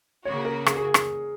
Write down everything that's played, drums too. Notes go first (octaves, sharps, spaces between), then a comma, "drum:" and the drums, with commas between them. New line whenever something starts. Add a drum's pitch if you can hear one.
C#3 A#3 F#4 C#5
A#4
G#4, drum: rim click
G#4
drum: rim click